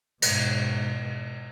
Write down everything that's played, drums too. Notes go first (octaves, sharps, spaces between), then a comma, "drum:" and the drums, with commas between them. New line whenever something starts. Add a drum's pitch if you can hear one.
G#2 B2, drum: cymbal